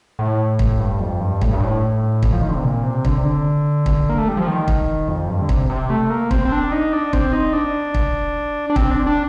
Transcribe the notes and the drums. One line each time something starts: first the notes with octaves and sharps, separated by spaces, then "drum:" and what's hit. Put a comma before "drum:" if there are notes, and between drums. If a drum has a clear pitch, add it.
A2
drum: kick
G2
F2
G2
A2, drum: kick
G2
A2
drum: kick
F3
D#3
D3
C3
A#2
C3
D3, drum: kick
C3
D3
drum: kick
A#3
A3
G3
F3
D#3
drum: kick
F2
G2
D3
C3, drum: kick
C3
A3
A#3
C4, drum: kick
C4
D4
D#4
D4
C4, drum: kick
D#4
D4
drum: kick
D4
C4, drum: kick
D4
D4